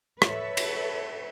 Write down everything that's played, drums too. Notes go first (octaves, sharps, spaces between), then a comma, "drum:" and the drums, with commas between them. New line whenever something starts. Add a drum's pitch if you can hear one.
A4 B4 C#5 E5, drum: rim click
drum: cymbal